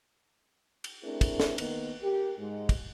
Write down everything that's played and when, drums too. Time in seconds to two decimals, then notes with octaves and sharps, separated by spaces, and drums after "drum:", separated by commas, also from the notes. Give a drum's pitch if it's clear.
0.84 drum: cymbal
1.04 A3 C4 D4 E4 G#4 A#4
1.21 drum: kick, cymbal
1.40 drum: snare
1.58 D#3 A#3 B3, drum: cymbal
2.02 G4 A#4
2.38 G#2 G#3
2.69 drum: kick, cymbal